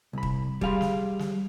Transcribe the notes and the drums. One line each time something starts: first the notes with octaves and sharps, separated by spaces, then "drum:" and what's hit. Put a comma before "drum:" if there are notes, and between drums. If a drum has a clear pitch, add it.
C2 B5
drum: kick
G3 G#4 F5 B5 C6, drum: kick
drum: snare
drum: snare